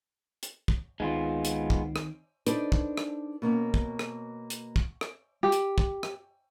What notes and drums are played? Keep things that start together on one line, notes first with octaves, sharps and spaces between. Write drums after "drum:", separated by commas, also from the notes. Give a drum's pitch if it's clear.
drum: hi-hat
drum: kick
C#2 D#3 G#3 B3 C4 F4
drum: hi-hat
drum: kick
drum: rim click
D4 D#4 A4 B4 C5 D5, drum: hi-hat
drum: kick
drum: rim click
B2 A#3 C#4
drum: kick
drum: rim click
drum: hi-hat
drum: kick
drum: rim click
G4
drum: hi-hat
drum: kick
drum: rim click